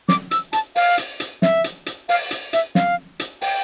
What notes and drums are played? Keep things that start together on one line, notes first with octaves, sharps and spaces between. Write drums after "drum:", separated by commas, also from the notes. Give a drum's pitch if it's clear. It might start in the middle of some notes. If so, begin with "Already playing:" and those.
D6, drum: snare
E6, drum: hi-hat
A5, drum: hi-hat
F5, drum: open hi-hat
drum: hi-hat
drum: hi-hat
E5, drum: snare
drum: hi-hat
drum: hi-hat
F5, drum: open hi-hat
drum: hi-hat
E5, drum: hi-hat
F5, drum: snare
drum: hi-hat
G5, drum: open hi-hat